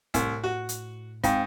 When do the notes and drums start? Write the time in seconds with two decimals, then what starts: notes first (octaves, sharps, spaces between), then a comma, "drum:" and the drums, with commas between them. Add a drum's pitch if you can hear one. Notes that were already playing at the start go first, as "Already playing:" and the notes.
0.14 C2 A2, drum: kick, hi-hat
0.44 F#4
0.69 drum: hi-hat
1.24 G#2 C4 F5 G5, drum: kick, hi-hat